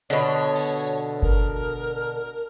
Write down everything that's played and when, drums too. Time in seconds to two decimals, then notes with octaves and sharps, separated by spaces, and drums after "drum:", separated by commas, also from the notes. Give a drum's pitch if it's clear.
0.10 B2 D3 C#5, drum: hi-hat
0.56 drum: cymbal
1.22 A#4, drum: kick G1